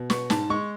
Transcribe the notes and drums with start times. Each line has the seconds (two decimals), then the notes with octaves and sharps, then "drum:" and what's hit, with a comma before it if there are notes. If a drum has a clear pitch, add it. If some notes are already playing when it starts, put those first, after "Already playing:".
Already playing: B2
0.10 B3 C#6, drum: snare
0.30 G#2 A5, drum: snare
0.50 G#3 C#6